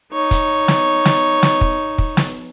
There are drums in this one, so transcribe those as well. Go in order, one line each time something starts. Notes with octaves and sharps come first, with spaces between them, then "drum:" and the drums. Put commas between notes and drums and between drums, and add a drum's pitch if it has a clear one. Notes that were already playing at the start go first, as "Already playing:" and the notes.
D#4 C#5
drum: kick, hi-hat
drum: snare
drum: snare
drum: snare
drum: kick
drum: kick
drum: snare